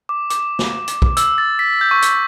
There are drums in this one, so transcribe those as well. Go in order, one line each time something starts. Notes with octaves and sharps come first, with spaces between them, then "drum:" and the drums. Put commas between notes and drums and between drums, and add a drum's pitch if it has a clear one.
D6
D6, drum: hi-hat
drum: snare
drum: hi-hat
drum: kick
E6, drum: hi-hat
A6
B6
G6
C#6
drum: hi-hat